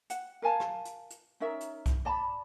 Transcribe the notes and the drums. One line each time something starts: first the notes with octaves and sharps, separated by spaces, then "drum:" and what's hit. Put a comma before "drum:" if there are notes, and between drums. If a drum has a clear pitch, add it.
F#5, drum: hi-hat
A#4 F5 G#5 A5
drum: rim click
drum: hi-hat
drum: hi-hat
C#4 D#4 A#4 E5
drum: hi-hat
drum: kick B1, hi-hat
D5 A5 B5